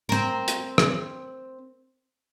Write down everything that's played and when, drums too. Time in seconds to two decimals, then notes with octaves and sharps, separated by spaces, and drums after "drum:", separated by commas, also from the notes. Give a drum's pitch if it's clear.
0.09 C4 A#4
0.48 drum: hi-hat
0.78 drum: rim click